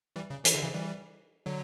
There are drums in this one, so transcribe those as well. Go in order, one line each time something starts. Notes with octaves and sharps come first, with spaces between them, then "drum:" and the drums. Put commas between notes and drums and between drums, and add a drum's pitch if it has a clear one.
E3 G3
C#3
E3, drum: hi-hat
D3
C#3 E3
E3 G3
D3 F#3